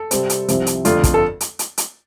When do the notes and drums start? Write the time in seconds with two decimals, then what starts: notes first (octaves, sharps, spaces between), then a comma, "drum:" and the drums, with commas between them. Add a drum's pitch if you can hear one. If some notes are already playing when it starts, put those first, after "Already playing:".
Already playing: A4
0.11 C3 G3 C4, drum: hi-hat
0.30 drum: hi-hat
0.48 C2 C3 F3 C4, drum: hi-hat
0.67 drum: hi-hat
0.85 F2 D3 A3 D4 F4, drum: hi-hat
1.04 drum: kick, hi-hat
1.14 A4
1.41 drum: hi-hat
1.59 drum: hi-hat
1.78 drum: hi-hat